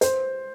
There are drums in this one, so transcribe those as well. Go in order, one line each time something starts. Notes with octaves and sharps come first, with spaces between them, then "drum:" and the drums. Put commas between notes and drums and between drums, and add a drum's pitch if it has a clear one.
C5, drum: hi-hat